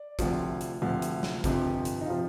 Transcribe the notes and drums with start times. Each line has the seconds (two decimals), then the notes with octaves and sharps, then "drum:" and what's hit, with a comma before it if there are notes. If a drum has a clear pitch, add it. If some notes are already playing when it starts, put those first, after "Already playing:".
Already playing: D5
0.19 D2 C3 F3, drum: kick, hi-hat
0.61 drum: hi-hat
0.82 D2 C3 F3
1.02 drum: hi-hat
1.23 drum: snare
1.44 G1 F2 C3 F3, drum: kick, hi-hat
1.85 drum: hi-hat
2.01 D#4
2.06 C3 F3 F4